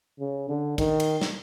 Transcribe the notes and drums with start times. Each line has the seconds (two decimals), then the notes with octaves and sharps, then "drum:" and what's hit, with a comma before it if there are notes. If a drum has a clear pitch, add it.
0.20 C#3
0.49 D3
0.78 D#3, drum: kick, cymbal
1.00 drum: cymbal
1.21 drum: snare